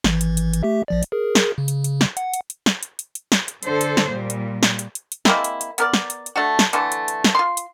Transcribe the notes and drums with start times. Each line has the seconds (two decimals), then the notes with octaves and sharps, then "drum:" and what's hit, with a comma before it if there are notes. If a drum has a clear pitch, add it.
0.04 G#1 E3, drum: snare
0.21 drum: hi-hat
0.37 drum: hi-hat
0.53 drum: hi-hat
0.63 A3 G4 E5
0.88 A#1 F3 D5
1.03 drum: hi-hat
1.12 G#4 A#4
1.35 drum: snare
1.58 C#3
1.68 drum: hi-hat
1.84 drum: hi-hat
2.01 drum: snare
2.17 F#5, drum: hi-hat
2.34 drum: hi-hat
2.50 drum: hi-hat
2.66 drum: snare
2.83 drum: hi-hat
2.99 drum: hi-hat
3.15 drum: hi-hat
3.32 drum: snare
3.48 drum: hi-hat
3.63 D3 A4 C5, drum: hi-hat
3.81 drum: hi-hat
3.97 drum: snare
4.08 A#2 G3
4.30 drum: hi-hat
4.63 drum: snare
4.79 drum: hi-hat
4.95 drum: hi-hat
5.12 drum: hi-hat
5.25 G#3 A#3 C4 E4, drum: snare
5.44 drum: hi-hat
5.61 drum: hi-hat
5.78 B3 A#4 D5, drum: hi-hat
5.94 drum: snare
6.10 drum: hi-hat
6.26 drum: hi-hat
6.36 A3 D4 F#4
6.59 drum: snare
6.73 D3 E3 A3, drum: hi-hat
6.92 drum: hi-hat
7.08 drum: hi-hat
7.24 drum: snare
7.35 F4 C6
7.57 drum: hi-hat